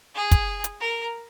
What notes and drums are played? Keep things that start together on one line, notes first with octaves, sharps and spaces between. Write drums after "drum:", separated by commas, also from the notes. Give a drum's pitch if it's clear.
G#4
drum: kick, hi-hat
drum: hi-hat
A#4